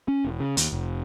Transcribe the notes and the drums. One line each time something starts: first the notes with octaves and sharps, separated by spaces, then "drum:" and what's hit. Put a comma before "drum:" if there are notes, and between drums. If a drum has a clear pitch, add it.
C#4
E1
C#3
D#2, drum: hi-hat
F1